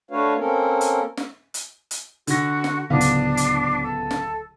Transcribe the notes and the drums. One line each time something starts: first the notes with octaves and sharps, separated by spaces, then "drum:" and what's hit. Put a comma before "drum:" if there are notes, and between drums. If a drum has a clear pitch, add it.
A3 D4 F#4 B4 C#5 F5
A#3 C4 C#4 A4 A#4
drum: hi-hat
drum: snare
drum: hi-hat
drum: hi-hat
D3 F#4 A#6, drum: hi-hat
drum: snare
D1 C#2 B3 D4 F5
drum: hi-hat
drum: hi-hat
A4
drum: snare